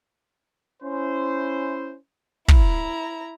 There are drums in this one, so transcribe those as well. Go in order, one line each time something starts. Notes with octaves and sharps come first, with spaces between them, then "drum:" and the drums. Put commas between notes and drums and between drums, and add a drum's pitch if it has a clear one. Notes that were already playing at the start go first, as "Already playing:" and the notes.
C#4 E4 C5
E4 A#5, drum: kick